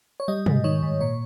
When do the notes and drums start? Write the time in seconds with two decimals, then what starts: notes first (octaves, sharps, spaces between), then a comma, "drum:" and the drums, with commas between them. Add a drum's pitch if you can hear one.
0.20 C#5
0.28 G3 D#5
0.46 G#2, drum: tom
0.64 D#3 C#5
0.83 G#2
1.01 A#2 C#5